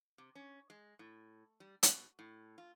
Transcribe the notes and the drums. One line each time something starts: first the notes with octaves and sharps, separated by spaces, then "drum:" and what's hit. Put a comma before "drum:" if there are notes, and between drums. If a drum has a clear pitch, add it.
C3
C#4
G#3
A2
G3
B2, drum: hi-hat
A2
F4